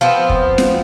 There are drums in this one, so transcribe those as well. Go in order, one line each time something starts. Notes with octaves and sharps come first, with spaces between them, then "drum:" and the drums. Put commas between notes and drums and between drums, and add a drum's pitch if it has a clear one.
F3 B3 C4
drum: kick
drum: snare